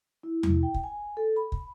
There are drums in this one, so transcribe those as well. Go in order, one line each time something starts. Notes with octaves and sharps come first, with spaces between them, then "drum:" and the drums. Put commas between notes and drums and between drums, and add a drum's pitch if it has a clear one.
E4
drum: tom E2
G5
drum: kick
G#5
A4
B5
drum: kick